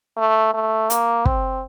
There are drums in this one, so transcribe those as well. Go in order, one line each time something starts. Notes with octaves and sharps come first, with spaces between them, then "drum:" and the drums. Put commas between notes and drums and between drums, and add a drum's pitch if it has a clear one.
A3
A3
A#3, drum: hi-hat
C4, drum: kick